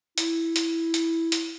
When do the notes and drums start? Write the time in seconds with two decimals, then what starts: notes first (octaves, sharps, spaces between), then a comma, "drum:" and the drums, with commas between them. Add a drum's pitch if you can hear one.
0.18 E4, drum: hi-hat
0.56 drum: hi-hat
0.94 drum: hi-hat
1.32 drum: hi-hat